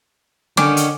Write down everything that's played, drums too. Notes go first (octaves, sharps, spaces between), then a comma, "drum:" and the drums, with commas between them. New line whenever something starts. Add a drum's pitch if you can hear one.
D3 D#3 C#4 D6, drum: snare
drum: hi-hat